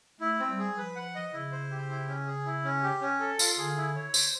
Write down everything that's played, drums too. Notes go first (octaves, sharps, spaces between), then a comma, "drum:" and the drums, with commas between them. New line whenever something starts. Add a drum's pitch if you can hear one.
A3 E4
C4
G3
G#4
F3 B4
F#5
D#5
C#3 E4
C5
G4
E4
C#4
G#4
E4
C#4
G4
C#4
A4
F4, drum: tambourine
D3 G#4
E4
C#5
C5, drum: tambourine